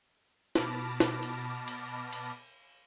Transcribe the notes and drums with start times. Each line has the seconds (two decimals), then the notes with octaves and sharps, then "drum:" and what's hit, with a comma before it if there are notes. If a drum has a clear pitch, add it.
0.55 B2 A5 B5 D6 F6 A#6, drum: snare
1.00 drum: snare
1.23 drum: cymbal
1.68 drum: cymbal
2.13 drum: cymbal